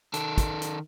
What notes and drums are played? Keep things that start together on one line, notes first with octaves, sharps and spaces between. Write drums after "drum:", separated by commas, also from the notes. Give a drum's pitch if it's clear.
D#3 A4, drum: hi-hat
drum: kick, hi-hat
drum: hi-hat